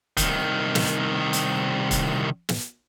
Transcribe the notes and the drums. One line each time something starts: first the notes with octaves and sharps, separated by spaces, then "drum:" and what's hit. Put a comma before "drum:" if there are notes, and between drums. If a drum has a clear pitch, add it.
C2 D#3, drum: kick, hi-hat
drum: snare
drum: hi-hat
drum: kick, hi-hat
drum: snare